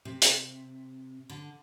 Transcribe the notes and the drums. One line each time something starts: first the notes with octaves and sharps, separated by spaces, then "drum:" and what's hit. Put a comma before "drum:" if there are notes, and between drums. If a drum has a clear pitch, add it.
C3
drum: hi-hat
D3